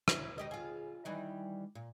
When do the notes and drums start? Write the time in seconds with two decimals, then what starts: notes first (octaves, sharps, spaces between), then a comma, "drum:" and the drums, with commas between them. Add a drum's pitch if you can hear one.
0.08 E4, drum: rim click
0.38 D#4 G4 D#5
0.51 F4 G#4
1.05 D#3 E3 G3
1.75 A#2